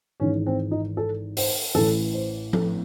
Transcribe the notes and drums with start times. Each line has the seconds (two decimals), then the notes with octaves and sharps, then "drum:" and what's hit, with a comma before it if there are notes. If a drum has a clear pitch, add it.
0.20 G#1 G#2 E3 C#4
0.47 C4
0.71 D#4
0.97 A4
1.37 C5, drum: open hi-hat
1.75 A1 A2 E3 A4
2.14 C5
2.53 A4, drum: tom F3